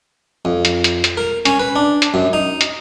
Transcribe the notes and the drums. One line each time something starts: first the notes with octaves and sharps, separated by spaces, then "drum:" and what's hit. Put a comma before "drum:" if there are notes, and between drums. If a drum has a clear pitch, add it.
F2
drum: hi-hat
drum: hi-hat
drum: hi-hat
A#4
C#4, drum: hi-hat
B4
D4
drum: hi-hat
F#2
D#4
drum: hi-hat